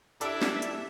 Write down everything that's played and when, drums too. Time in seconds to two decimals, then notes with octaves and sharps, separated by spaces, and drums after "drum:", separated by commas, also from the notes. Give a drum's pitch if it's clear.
0.21 D4 E4 G4 A4 D5 E5 B5 E6, drum: hi-hat
0.42 drum: snare
0.62 drum: hi-hat